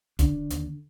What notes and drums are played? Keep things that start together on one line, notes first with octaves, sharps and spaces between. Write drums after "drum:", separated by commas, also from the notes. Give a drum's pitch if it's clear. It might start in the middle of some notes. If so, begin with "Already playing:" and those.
D3 D4, drum: kick, hi-hat
D3
D#2, drum: hi-hat